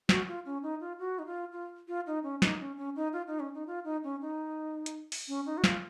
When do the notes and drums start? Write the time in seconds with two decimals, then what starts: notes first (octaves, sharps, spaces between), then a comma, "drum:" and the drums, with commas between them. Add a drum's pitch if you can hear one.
0.09 F#4, drum: snare
0.27 F4
0.46 C#4
0.63 D#4
0.80 F4
0.99 F#4
1.19 D#4
1.26 F4
1.52 F4
1.88 F4
2.07 D#4
2.23 C#4
2.42 D#4, drum: snare
2.60 C#4
2.77 C#4
2.96 D#4
3.13 F4
3.27 D#4
3.40 C#4
3.54 D#4
3.67 F4
3.84 D#4
4.04 C#4
4.21 D#4
4.86 drum: hi-hat
5.12 drum: open hi-hat
5.28 C#4
5.46 D#4
5.58 F#4
5.64 F4, drum: snare